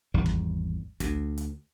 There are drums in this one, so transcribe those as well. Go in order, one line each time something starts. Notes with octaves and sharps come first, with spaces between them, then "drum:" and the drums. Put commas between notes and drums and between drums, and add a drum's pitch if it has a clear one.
G#1 E2 G3
drum: kick
D2, drum: kick, hi-hat
drum: hi-hat